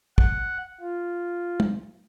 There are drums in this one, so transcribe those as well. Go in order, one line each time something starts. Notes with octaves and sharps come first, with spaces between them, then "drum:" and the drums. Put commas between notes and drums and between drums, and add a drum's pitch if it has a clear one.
F#5, drum: kick
F4
drum: tom